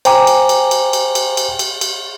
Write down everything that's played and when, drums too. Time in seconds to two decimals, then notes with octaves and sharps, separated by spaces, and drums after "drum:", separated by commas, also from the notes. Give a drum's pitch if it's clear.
0.05 C5 G5 G#5 A#5 D6, drum: cymbal
0.27 drum: cymbal
0.49 drum: cymbal
0.71 drum: cymbal
0.93 drum: cymbal
1.15 drum: cymbal
1.37 drum: cymbal
1.59 drum: cymbal
1.81 drum: cymbal